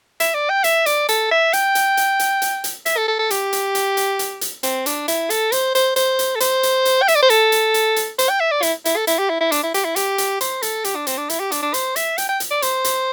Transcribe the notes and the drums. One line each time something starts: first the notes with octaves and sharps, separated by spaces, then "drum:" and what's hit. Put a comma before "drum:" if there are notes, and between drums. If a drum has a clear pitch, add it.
E5, drum: hi-hat
D5
G5
E5, drum: hi-hat
D5, drum: hi-hat
A4, drum: hi-hat
E5
G5, drum: hi-hat
drum: hi-hat
drum: hi-hat
drum: hi-hat
drum: hi-hat
drum: hi-hat
E5, drum: hi-hat
A4
A4
A4
G4, drum: hi-hat
drum: hi-hat
drum: hi-hat
drum: hi-hat
drum: hi-hat
drum: hi-hat
C4, drum: hi-hat
D4, drum: hi-hat
E4, drum: hi-hat
A4, drum: hi-hat
C5, drum: hi-hat
C5, drum: hi-hat
C5, drum: hi-hat
drum: hi-hat
A4
C5, drum: hi-hat
drum: hi-hat
drum: hi-hat
G5
E5, drum: hi-hat
D5
C5
A4, drum: hi-hat
drum: hi-hat
drum: hi-hat
drum: hi-hat
C5, drum: hi-hat
G5
E5
D5
E4, drum: hi-hat
E4, drum: hi-hat
A4
E4, drum: hi-hat
G4
E4
E4
D4, drum: hi-hat
E4
G4, drum: hi-hat
E4
G4, drum: hi-hat
drum: hi-hat
C5, drum: hi-hat
A4, drum: hi-hat
G4, drum: hi-hat
D4
C4, drum: hi-hat
D4
E4, drum: hi-hat
G4
D4, drum: hi-hat
D4
C5, drum: hi-hat
E5, drum: hi-hat
G5, drum: hi-hat
G5
drum: hi-hat
D5
C5, drum: hi-hat
drum: hi-hat